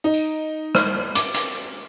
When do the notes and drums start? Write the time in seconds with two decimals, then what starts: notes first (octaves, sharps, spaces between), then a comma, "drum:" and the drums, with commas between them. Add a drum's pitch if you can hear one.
0.04 D#4
0.14 drum: tambourine
0.75 drum: rim click
1.15 D6, drum: hi-hat
1.34 drum: hi-hat